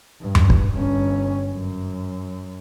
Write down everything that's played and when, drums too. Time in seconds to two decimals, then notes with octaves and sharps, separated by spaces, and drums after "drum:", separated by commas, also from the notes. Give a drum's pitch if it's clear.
0.22 G2
0.35 drum: tom F#2
0.50 drum: kick
0.74 G1 C#4
1.49 F#2